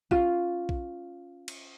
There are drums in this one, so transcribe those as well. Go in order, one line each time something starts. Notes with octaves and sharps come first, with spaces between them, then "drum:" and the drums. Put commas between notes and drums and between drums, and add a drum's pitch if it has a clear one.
C#4 F4, drum: kick A#1
drum: kick A#1
drum: cymbal